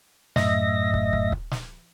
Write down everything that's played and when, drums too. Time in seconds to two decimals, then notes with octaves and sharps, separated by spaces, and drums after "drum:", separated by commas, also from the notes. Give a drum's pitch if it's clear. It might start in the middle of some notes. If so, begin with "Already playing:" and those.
0.36 F#2 A2 D#5 E5 A#6, drum: snare
0.94 drum: kick
1.13 drum: kick
1.32 drum: kick
1.51 drum: snare